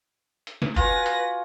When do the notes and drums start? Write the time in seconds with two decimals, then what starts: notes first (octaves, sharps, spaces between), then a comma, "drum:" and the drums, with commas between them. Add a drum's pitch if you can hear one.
0.47 drum: hi-hat
0.62 drum: snare
0.76 F4 F#4 B4 G#5 A#6, drum: kick F1, hi-hat
1.06 drum: hi-hat